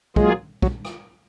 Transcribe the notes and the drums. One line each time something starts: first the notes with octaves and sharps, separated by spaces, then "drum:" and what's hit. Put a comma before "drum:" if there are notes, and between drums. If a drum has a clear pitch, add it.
F#3 G#3 A#3 F4 G#4, drum: kick
F#3, drum: kick
drum: rim click